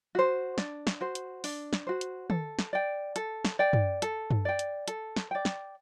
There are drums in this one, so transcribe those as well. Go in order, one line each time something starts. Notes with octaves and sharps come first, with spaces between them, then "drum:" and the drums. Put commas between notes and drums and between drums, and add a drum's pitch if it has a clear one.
F#4 C5
D4, drum: snare
drum: snare
F#4 C5
drum: hi-hat
D4, drum: open hi-hat
drum: snare
F#4 C5
drum: hi-hat
A4, drum: tom
drum: snare
D5 G5
A4, drum: hi-hat
drum: snare
D5 G5
drum: tom
A4, drum: hi-hat
drum: tom
D5 G5
drum: hi-hat
A4, drum: hi-hat
drum: snare
D5 G5
drum: snare